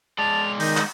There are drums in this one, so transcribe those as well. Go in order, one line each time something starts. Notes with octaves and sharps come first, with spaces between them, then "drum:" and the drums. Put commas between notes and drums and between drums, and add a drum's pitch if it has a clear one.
G#3 D5 A5 F7
D#3 D#4 G6, drum: open hi-hat
drum: clap